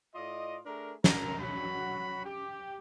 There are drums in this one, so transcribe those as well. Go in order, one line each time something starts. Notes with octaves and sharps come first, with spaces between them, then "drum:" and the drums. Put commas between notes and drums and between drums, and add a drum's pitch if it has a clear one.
A2 F4 D5 D#5
A3 D4 G#4 A#4
A#4 A#5, drum: snare
F#3 F#4 B5
G4